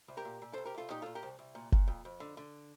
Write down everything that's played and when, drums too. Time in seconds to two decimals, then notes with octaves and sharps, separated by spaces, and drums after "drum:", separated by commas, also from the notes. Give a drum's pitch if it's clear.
0.08 C2
0.17 G4 A#4
0.25 A#2
0.42 A#2
0.53 C2 A4 C5
0.65 G4 A#4
0.75 C2 F4 A4
0.90 A#2 D#4 G4
1.02 A#2 F4 A4
1.15 G4 A#4
1.23 C2
1.39 C2
1.55 A#2
1.72 A#2, drum: kick F#1
1.88 F2
2.05 F2
2.20 D3
2.37 D3